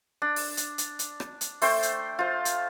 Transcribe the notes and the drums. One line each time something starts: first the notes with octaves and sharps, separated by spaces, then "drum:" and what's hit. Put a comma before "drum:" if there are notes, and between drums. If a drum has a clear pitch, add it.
D4
drum: open hi-hat
drum: hi-hat
drum: hi-hat
drum: hi-hat
drum: rim click
drum: hi-hat
A3 C5 G5 C6, drum: open hi-hat
drum: hi-hat
F4 C5
drum: hi-hat